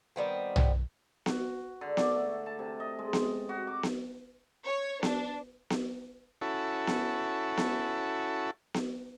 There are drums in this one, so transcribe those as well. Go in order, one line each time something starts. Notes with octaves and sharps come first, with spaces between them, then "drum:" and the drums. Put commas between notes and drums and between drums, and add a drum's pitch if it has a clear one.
D#3 G3 B3 C4
drum: tom B1
F#4, drum: snare B3
D3
D5, drum: snare B3
A3
A5
C3
D#5
G#3
drum: snare B3
F#4
D6
drum: snare B3
C#5
D4, drum: snare B3
drum: snare B3
C#4 E4 F#4 A4
drum: snare B3
drum: snare B3
drum: snare B3